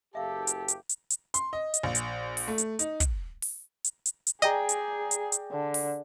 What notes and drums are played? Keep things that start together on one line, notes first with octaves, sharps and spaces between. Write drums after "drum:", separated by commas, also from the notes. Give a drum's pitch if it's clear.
F#1 G4 A4 E5 F5
drum: hi-hat
drum: hi-hat
drum: hi-hat
drum: hi-hat
C6, drum: hi-hat
D#5
drum: hi-hat
A#1
drum: hi-hat
drum: open hi-hat
A3
drum: hi-hat
D#4, drum: hi-hat
drum: kick, hi-hat
drum: open hi-hat
drum: hi-hat
drum: hi-hat
drum: hi-hat
G#4 D5 D#5 G5 A#5
drum: hi-hat
drum: hi-hat
drum: hi-hat
D3
drum: open hi-hat